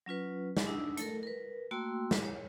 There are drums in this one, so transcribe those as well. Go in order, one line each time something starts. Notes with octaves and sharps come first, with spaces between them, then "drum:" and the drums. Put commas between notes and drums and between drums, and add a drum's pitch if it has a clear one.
F#3 C#4 F4 B4
drum: snare
D4 D#4 E6
A3 A4 A#4, drum: hi-hat
A#4 B4
A3 A#3 F#4 G5 C6 E6
drum: snare
C#5